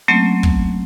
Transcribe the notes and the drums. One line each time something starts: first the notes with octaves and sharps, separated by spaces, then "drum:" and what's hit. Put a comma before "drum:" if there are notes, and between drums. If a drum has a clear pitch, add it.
F#3 A3 A#3 C4 C#4
drum: kick